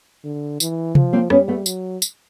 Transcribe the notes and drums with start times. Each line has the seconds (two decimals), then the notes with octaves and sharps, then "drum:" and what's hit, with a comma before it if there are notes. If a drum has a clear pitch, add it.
0.24 D3
0.60 E3, drum: tambourine
0.95 F3, drum: tom C3
1.13 A#3 C4
1.30 G3 B3 C#4, drum: rim click
1.48 A3 B3
1.66 F#3, drum: tambourine
2.02 drum: tambourine